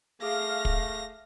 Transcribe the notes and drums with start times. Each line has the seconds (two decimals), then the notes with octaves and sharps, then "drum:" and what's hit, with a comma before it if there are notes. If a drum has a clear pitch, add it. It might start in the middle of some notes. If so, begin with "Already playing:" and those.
0.22 A3 G#4 F5 D6 A#6
0.65 drum: kick